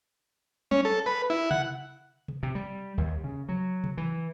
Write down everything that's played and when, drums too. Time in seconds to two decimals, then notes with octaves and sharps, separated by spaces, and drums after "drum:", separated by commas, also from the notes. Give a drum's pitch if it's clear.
0.71 C#4, drum: tom F#3
0.85 A4
1.06 B4
1.30 E4
1.51 F#5, drum: tom C3
2.28 drum: tom C3
2.43 C3
2.55 G3
2.97 D#2
3.24 C#3
3.49 F#3
3.84 drum: tom C3
3.97 E3